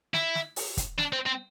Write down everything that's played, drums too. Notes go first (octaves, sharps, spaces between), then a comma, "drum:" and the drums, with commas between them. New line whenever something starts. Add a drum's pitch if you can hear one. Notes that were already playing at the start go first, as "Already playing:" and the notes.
E4, drum: snare
drum: snare
drum: open hi-hat
drum: kick, hi-hat
D4, drum: snare
C4
C4